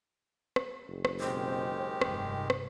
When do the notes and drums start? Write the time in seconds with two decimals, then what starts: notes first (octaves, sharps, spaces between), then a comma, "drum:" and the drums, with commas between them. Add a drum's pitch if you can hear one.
0.56 drum: rim click
0.89 F#1
1.05 drum: rim click
1.20 B2 D#3 G#3 C4 G4 C5
2.01 F1 G2 C3, drum: rim click
2.50 drum: rim click